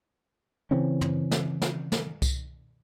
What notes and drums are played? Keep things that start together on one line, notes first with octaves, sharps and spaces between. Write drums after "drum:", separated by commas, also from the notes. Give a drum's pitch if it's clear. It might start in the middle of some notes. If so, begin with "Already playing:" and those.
C#3 E3 C4 C#4
drum: tom
drum: snare
drum: snare
drum: snare
drum: kick C2, tambourine